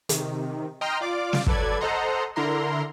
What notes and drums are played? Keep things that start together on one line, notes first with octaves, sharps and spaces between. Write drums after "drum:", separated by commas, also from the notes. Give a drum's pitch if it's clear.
C3 D#3, drum: hi-hat
D#5 G5 A#5 C6 F6
F4 D5 F5 D6
drum: snare
F#3 A4 B4 D5 G#6, drum: kick
A4 C5 D#5 F#5 A#5 C6
D3 E4 A#4 A#5 C6